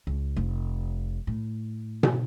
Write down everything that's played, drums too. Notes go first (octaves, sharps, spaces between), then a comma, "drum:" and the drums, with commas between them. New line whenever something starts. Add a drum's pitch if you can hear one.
C#2
F1
A2
drum: tom B2